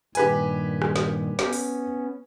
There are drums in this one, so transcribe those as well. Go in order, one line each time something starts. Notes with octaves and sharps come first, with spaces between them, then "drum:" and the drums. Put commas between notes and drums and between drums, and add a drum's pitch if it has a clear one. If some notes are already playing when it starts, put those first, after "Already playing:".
G2 A#2 D#3 G4 B4 G#5, drum: hi-hat
drum: rim click
drum: snare
B3 C#4, drum: snare
drum: open hi-hat